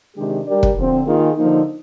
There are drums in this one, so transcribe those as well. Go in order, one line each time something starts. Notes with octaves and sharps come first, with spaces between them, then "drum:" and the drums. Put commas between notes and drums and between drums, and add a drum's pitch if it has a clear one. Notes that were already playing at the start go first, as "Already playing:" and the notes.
C3 D#3 G#3 D4 G4
G3 D4 G4 A#4 D5
drum: kick
D3 F3 C4
D#3 A#3 F4 G#4
D3 F3 A#3 D#4